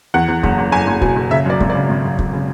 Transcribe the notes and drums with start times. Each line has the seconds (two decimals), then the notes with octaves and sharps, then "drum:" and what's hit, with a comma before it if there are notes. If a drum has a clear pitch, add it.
0.14 E2 F#5
0.28 E2
0.43 F#1, drum: kick
0.58 F#1
0.72 F#1 G#5
0.87 F#1
1.01 B2, drum: kick
1.16 F#1
1.31 C#3 E5
1.46 F#2 D5
1.60 G#1, drum: kick
1.70 D5
1.75 C#3
1.89 G#1
2.04 F#2
2.18 C#3, drum: kick
2.33 C#3